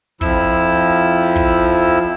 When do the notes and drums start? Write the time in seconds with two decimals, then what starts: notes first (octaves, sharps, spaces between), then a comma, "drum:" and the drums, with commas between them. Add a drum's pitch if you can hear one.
0.21 F2 F3 E4 E6, drum: kick
0.50 drum: hi-hat
1.36 drum: kick, hi-hat
1.64 drum: hi-hat